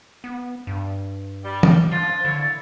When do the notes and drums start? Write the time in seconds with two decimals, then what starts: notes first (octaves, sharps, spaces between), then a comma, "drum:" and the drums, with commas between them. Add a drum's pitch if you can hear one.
0.24 B3
0.67 G2
1.44 G3
1.63 drum: tom E3
1.92 D3 F3 F4 A6
2.25 D3 A#3 E4 C#5